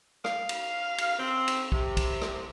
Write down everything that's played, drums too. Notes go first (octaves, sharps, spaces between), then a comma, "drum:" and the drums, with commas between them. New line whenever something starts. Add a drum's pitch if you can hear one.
F5, drum: rim click
drum: cymbal
drum: cymbal
C4
drum: cymbal
C3, drum: kick
drum: kick, cymbal
drum: rim click